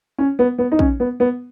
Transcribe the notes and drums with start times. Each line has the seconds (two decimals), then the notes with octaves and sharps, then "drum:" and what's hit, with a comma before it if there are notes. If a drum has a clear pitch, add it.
0.18 C#4
0.39 B3
0.58 B3
0.72 D#4
0.79 C#4, drum: kick
1.00 B3
1.20 B3